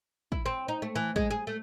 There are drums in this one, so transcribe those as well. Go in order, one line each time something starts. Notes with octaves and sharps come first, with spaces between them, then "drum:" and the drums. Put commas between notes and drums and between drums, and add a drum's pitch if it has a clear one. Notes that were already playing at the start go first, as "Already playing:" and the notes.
E4, drum: kick
C4
D#4
A3
E3
G#3, drum: kick
G#4
A3